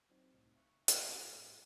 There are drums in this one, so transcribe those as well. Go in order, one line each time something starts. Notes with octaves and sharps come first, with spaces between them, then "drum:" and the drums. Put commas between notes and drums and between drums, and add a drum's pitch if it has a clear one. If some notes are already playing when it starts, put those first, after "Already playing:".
F#3 C4 D#4 F#4
C2 A2
E5 F5 C#6 F#6 C#7
C2 A2, drum: hi-hat
G#2 F3 A3 G4 F5
A2 C#7